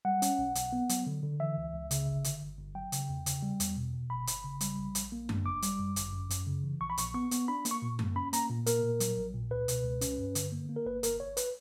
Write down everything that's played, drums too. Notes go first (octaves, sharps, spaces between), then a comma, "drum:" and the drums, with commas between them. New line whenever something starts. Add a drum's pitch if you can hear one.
G3 F#5
C#4, drum: hi-hat
B1
B1, drum: hi-hat
B3
F#3, drum: hi-hat
D3
D3
E3 E5
C#2
C#2
C#3, drum: hi-hat
G1
D3, drum: hi-hat
G1
G1
F#3 G5
C#3, drum: hi-hat
E2
C#3, drum: hi-hat
G3
E2, drum: hi-hat
B2
B2
G1 B5
G1, drum: hi-hat
C#3
G3, drum: hi-hat
A#1
A#1, drum: hi-hat
A#3
D4, drum: tom F#2
G1 D6
G3, drum: hi-hat
F#2
G1, drum: hi-hat
F#2
F#2, drum: hi-hat
C#3
E3
A#1 C#6
B5
A#1 C#6, drum: hi-hat
B3 C#6
B3, drum: hi-hat
D4 B5
A#3, drum: hi-hat
C#6
A#2
A#3, drum: tom F#2
C#4 B5
A#3 A#5, drum: hi-hat
A#2
A#3 A#4, drum: hi-hat
A#2
F#3, drum: hi-hat
A#1
A#2
C#2 B4
B2, drum: hi-hat
C#2
C#4, drum: hi-hat
G2
D3, drum: hi-hat
A#3
A#3
A#4
G1 B4
G1 A#4, drum: hi-hat
G1 C#5
B4, drum: hi-hat